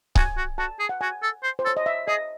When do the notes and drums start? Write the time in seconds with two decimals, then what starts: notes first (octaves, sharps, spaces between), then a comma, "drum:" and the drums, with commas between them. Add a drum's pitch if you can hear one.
0.15 F#4 G#5, drum: kick C#1
0.37 F#4
0.58 F#4 A5
0.79 G#4
0.89 F#5
1.01 F#4 G#5
1.23 A4
1.43 C5
1.59 C5
1.65 A4 C#5
1.77 D#5
1.86 E5
2.08 G#4 D#5